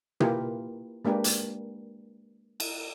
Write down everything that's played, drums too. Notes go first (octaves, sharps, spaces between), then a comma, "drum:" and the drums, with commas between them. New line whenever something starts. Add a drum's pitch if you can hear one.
A#3 E4 F4 G4 A#4 B4, drum: tom B2
G#3 A#3 D4 G4 A#4 B4
drum: hi-hat
drum: cymbal